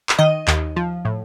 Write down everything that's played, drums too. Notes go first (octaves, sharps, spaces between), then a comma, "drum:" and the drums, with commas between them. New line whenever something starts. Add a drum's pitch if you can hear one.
drum: clap
D#3 D#5
D#2, drum: clap
F3
A2